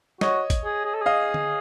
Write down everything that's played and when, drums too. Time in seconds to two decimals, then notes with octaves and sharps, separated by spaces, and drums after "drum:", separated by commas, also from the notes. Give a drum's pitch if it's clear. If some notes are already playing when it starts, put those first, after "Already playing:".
0.21 F#4 C#5 D#5, drum: snare
0.50 drum: kick, hi-hat
0.65 G#4
0.85 G#4
0.94 A4
1.02 G#4 D#5 F5
1.34 drum: tom D3